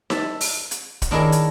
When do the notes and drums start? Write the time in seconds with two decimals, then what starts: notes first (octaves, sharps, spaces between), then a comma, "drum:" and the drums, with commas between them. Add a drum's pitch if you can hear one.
0.10 E5 A5, drum: snare D#4
0.41 drum: open hi-hat
0.71 drum: hi-hat
1.02 drum: kick, hi-hat
1.11 D#3 D4 E4 G#4 A#4 C#5
1.32 drum: hi-hat